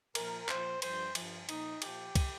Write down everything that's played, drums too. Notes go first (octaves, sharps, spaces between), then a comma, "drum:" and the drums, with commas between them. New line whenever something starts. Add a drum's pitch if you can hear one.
A#2 F3 A#4, drum: cymbal
A#2 F3 C5, drum: clap
G2 F3 C5, drum: cymbal
G2 F3, drum: cymbal
A#2 F3 D#4, drum: cymbal
A#2 F3 G4, drum: cymbal
drum: kick, cymbal